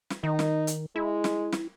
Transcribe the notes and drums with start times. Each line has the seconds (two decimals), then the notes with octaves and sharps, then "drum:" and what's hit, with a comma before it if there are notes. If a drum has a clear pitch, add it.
0.10 drum: snare
0.24 D#3 D#4
0.39 drum: snare
0.67 drum: hi-hat
0.96 G#3 E4
1.24 drum: snare
1.52 drum: snare